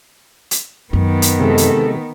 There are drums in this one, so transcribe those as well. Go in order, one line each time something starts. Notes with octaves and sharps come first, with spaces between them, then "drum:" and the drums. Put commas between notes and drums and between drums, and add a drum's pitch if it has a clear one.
drum: hi-hat
F#2 D#3 B3
drum: hi-hat
C3 G#3 A4
drum: hi-hat